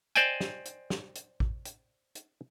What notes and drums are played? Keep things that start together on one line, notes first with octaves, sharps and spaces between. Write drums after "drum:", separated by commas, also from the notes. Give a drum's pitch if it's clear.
C5 D5 D#5 G5 G#5, drum: hi-hat
drum: snare
drum: hi-hat
drum: snare
drum: hi-hat
drum: kick A1
drum: hi-hat
drum: hi-hat